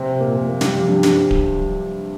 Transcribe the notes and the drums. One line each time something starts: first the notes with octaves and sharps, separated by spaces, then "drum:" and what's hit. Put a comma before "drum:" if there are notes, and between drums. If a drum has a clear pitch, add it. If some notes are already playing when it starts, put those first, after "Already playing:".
Already playing: C3 C4
A#2 A#3
A#3
G3, drum: snare
F3
G2 G3
drum: snare
drum: kick D1